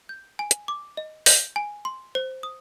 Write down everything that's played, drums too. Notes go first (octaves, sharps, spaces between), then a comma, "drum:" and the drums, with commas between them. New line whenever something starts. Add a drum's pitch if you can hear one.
G6
G#5
drum: hi-hat
D6
D#5
G6, drum: open hi-hat
G#5
C6
C5
D#6